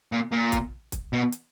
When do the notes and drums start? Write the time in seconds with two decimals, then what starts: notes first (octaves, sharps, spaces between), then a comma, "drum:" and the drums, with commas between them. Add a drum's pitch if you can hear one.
0.12 A#2
0.32 A#2
0.52 drum: kick, hi-hat
0.92 drum: kick, hi-hat
1.13 B2
1.32 drum: hi-hat